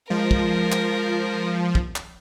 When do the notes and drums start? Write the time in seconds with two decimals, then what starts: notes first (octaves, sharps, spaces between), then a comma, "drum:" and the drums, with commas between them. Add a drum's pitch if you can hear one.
0.10 F3 G#3 A#4
0.31 drum: kick
0.72 drum: clap
1.75 drum: kick
1.96 drum: clap